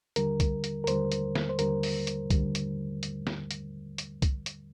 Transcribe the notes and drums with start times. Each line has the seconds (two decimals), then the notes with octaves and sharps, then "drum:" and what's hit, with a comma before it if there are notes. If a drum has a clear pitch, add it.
0.16 D#2 D3 G3 A#4, drum: hi-hat
0.40 drum: kick, hi-hat
0.64 drum: hi-hat
0.84 A#4
0.87 D#2 D3 G3 C5, drum: hi-hat
1.12 drum: hi-hat
1.35 drum: snare
1.49 C5
1.59 D#2 D3 G3 A#4, drum: hi-hat
1.83 drum: open hi-hat
2.07 drum: hi-hat
2.30 D#2 D3 G3, drum: kick, hi-hat
2.55 drum: hi-hat
3.03 drum: hi-hat
3.27 drum: snare
3.51 drum: hi-hat
3.98 drum: hi-hat
4.22 drum: kick, hi-hat
4.46 drum: hi-hat